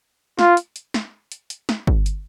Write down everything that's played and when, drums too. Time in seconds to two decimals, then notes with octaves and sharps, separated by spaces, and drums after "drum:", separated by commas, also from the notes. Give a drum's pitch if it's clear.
0.39 F4, drum: snare
0.57 drum: hi-hat
0.76 drum: hi-hat
0.94 drum: snare
1.32 drum: hi-hat
1.50 drum: hi-hat
1.69 drum: snare
1.87 drum: kick
2.06 drum: hi-hat